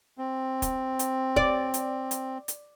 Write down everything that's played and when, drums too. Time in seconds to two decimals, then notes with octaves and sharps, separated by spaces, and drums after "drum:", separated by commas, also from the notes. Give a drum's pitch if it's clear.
0.18 C4
0.62 drum: kick, hi-hat
0.99 drum: hi-hat
1.36 D5, drum: kick
1.74 drum: hi-hat
2.11 drum: hi-hat
2.48 drum: hi-hat